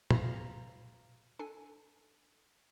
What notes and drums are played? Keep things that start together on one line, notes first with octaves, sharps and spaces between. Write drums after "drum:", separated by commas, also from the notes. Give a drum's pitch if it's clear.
F5 A#5, drum: tom
D4 A4 G#5